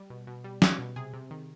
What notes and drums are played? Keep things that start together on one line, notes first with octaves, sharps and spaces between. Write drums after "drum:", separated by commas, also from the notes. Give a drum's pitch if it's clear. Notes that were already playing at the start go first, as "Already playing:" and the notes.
Already playing: G3
B2
B2
G3
G3, drum: snare
B2
C3 G#4
C3
D#3